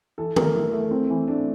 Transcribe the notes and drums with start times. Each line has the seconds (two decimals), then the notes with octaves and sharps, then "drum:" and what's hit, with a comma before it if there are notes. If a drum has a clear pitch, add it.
0.18 E3 A4
0.36 A3 A#4, drum: tom D#3
0.54 A3 E4
0.73 A3
0.91 C4
1.10 E3
1.28 A3 D4